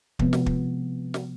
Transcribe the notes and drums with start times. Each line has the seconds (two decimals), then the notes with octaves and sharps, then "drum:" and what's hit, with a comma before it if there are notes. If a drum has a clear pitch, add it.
0.19 C3 F3 G#3 B3, drum: kick
0.33 drum: snare
0.46 drum: kick
1.14 drum: snare